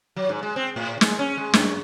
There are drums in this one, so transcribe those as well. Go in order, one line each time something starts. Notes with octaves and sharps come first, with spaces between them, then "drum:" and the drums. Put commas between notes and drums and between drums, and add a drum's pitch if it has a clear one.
F#3
G#2
G#3
C4
A2
G#3, drum: snare
C#4
G#3
F#2, drum: snare